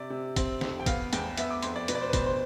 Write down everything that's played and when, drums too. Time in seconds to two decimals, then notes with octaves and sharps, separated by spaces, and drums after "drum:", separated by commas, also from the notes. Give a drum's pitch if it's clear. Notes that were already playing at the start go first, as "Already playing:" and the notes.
Already playing: C3 D5
0.10 C3
0.36 C4, drum: kick, hi-hat
0.61 F2, drum: snare
0.79 G5
0.86 B3 F5, drum: kick, hi-hat
1.13 E2 G5, drum: hi-hat
1.37 B3 E5, drum: hi-hat
1.51 D6
1.63 F2 C6, drum: hi-hat
1.76 D5
1.88 B2 B4, drum: hi-hat
1.95 D5
2.01 C5
2.09 B4
2.13 B2 C5, drum: kick, hi-hat
2.26 C5